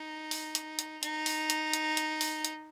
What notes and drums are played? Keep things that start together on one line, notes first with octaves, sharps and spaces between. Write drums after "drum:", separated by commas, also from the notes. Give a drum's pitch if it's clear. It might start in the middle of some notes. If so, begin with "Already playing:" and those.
Already playing: D#4
drum: open hi-hat
drum: hi-hat
drum: hi-hat
D#4, drum: hi-hat
drum: open hi-hat
drum: hi-hat
drum: hi-hat
drum: hi-hat
drum: open hi-hat
drum: hi-hat